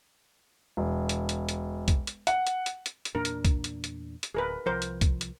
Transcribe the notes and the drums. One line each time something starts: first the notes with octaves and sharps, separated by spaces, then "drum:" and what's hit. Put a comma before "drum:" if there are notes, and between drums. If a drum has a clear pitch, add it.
E1
drum: hi-hat
drum: hi-hat
drum: hi-hat
drum: kick, hi-hat
drum: hi-hat
F#5, drum: hi-hat
drum: hi-hat
drum: hi-hat
drum: hi-hat
drum: hi-hat
E2 A#2 D4 A#4
drum: hi-hat
drum: kick, hi-hat
drum: hi-hat
drum: hi-hat
drum: hi-hat
D1 G#4 A#4 B4
C2 F3 A#4 C5
drum: hi-hat
drum: kick, hi-hat
drum: hi-hat